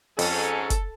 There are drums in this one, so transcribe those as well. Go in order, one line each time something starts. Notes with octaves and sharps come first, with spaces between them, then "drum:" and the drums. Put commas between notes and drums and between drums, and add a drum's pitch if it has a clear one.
F2 G#2 C#4 A4, drum: open hi-hat
drum: kick F#1, hi-hat